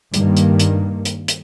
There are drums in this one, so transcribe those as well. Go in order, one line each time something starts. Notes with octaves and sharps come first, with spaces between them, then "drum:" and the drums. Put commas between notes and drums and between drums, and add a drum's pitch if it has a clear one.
G2 D#3 A#3, drum: hi-hat
drum: hi-hat
drum: hi-hat
drum: hi-hat
drum: hi-hat